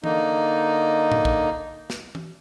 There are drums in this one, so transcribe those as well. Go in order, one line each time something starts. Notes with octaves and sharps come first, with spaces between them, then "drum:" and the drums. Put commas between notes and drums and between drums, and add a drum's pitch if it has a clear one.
D3 A#3 D#4, drum: tom E3
drum: tom A2
drum: kick
drum: snare
drum: tom E3